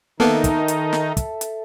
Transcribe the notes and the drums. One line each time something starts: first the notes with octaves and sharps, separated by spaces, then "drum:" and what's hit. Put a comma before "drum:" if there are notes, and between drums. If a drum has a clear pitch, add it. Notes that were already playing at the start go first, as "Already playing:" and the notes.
D#3 A#3 B3 D#4 A4 E5
drum: kick, hi-hat
drum: hi-hat
drum: snare
drum: kick, hi-hat
drum: hi-hat